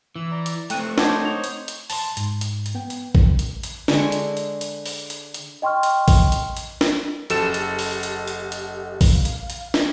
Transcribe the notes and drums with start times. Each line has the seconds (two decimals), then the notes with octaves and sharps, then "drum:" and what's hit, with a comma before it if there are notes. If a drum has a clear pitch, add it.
0.16 E3 E6
0.31 D5 A#5
0.46 drum: hi-hat
0.70 A3 C4 G5 C#6 F#6 D#7, drum: hi-hat
0.98 D#4 C5 C#5 F#5 A5 D6, drum: snare
1.25 C#6 F7
1.44 drum: hi-hat
1.68 drum: hi-hat
1.90 A5 C6, drum: open hi-hat
2.17 G#2, drum: hi-hat
2.41 drum: hi-hat
2.66 drum: hi-hat
2.75 B3 G5
2.90 drum: hi-hat
3.15 drum: kick A1
3.39 drum: hi-hat
3.63 drum: hi-hat
3.88 D3 G#3 C#6, drum: snare
4.12 drum: hi-hat
4.37 drum: hi-hat
4.61 drum: hi-hat
4.86 drum: open hi-hat
5.10 drum: hi-hat
5.34 drum: hi-hat
5.62 D#5 G5 C6 C#6 F6
5.83 drum: hi-hat
6.08 drum: kick A1, open hi-hat
6.32 drum: hi-hat
6.57 drum: hi-hat
6.81 drum: snare
7.30 F#1 G4 A4 D#5 F#5 E7, drum: hi-hat
7.54 drum: hi-hat
7.79 drum: open hi-hat
8.03 drum: hi-hat
8.27 drum: hi-hat
8.52 drum: hi-hat
9.01 drum: kick A1, open hi-hat
9.15 F5
9.25 drum: hi-hat
9.50 drum: hi-hat
9.74 drum: snare